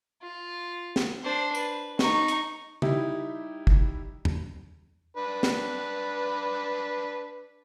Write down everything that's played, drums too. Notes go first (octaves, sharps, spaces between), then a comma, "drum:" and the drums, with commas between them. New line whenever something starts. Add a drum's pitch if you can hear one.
F4
drum: snare
D4 C5
B4, drum: tambourine
D#4 C#6, drum: snare
drum: hi-hat
G3 D#4 E4 G4, drum: tom
drum: kick
drum: tom E2
D4 B4
drum: snare